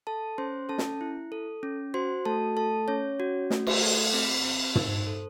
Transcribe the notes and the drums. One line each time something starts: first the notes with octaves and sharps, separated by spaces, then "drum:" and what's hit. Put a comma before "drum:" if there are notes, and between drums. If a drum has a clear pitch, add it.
A4 A5
C#4 C5 C6
C#4 A4 A5
drum: snare
E4
A4
C#4
F#4 C5 C6
A3 A4 A5
A4 A5
C#4 C#5
F#4
A3, drum: snare
drum: cymbal
A4
C4
C4
D#4 C5, drum: tom
A4